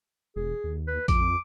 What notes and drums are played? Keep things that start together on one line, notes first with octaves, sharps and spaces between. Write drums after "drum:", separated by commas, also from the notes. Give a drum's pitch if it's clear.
E1 G#4
D#2
B4
F2 D6, drum: kick A#1, hi-hat